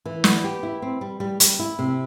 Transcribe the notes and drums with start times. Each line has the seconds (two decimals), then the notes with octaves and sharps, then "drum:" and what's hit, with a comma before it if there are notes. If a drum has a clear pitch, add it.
0.05 E3
0.24 B3, drum: snare
0.44 G4
0.63 E4
0.82 C4
1.01 G3
1.20 G3
1.40 G3, drum: hi-hat
1.59 E4
1.79 C3